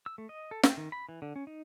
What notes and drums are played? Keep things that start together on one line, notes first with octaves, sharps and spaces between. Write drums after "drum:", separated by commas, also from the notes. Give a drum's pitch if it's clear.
E6
A3
D#5
A4
G5, drum: snare
D#3
B5
E3
D3
C#4
D#4